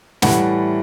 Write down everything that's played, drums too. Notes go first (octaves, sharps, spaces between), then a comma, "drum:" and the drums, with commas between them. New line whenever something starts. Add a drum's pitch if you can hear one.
A2 E3 G3 F#5, drum: snare